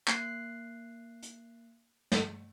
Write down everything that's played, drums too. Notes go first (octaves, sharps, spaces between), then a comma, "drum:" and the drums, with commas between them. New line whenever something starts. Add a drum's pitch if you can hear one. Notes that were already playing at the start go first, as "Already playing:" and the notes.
A#3 F#6 C7, drum: clap
drum: hi-hat
drum: snare